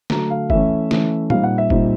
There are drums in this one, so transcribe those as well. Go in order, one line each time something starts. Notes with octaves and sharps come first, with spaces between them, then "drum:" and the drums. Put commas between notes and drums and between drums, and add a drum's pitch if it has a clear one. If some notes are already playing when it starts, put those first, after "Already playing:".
D3 F#3 A3 A#5, drum: snare
F5
E3 A3 C#4 E5, drum: kick
E3 A3 C#4, drum: snare
A#2 G3 C4 D#4 F5, drum: tom
F#5
E5
A#2 G3 C4 D#4, drum: kick